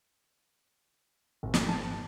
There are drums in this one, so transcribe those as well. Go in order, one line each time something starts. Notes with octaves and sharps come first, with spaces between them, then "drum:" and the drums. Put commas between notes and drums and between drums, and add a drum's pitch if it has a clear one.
G#1
drum: snare
A5